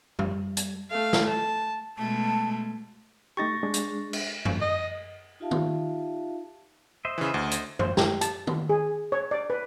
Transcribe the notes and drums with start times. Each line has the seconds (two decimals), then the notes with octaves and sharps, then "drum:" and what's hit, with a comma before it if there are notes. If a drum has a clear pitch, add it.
0.19 G3, drum: tom F#2
0.57 drum: hi-hat
0.90 A3 F5
1.13 drum: snare
1.29 A5
1.97 B2 G#3 A3 A5
3.37 A3 D#4 G4 C#6 A6 A#6
3.63 G#3 D4 G#4
3.74 drum: hi-hat
4.13 drum: cymbal
4.45 drum: tom F#2
4.61 D#5
5.40 D#4 F4 G4 E5 F5 A5
5.51 drum: tom
7.05 C5 D#5 E5
7.18 C#3 E3
7.34 D2
7.51 drum: hi-hat
7.79 C5, drum: tom F#2
7.97 G4, drum: snare
8.21 A5, drum: hi-hat
8.47 drum: tom
8.69 G#4
9.12 C#5
9.31 D5
9.50 B4